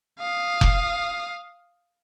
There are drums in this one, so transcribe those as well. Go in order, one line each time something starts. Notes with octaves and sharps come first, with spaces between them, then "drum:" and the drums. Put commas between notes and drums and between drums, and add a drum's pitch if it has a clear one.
F5 D#6
drum: kick F1